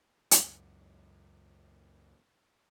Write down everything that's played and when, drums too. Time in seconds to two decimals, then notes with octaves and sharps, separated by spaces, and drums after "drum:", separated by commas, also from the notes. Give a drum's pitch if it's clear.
0.31 C#2 F#2, drum: hi-hat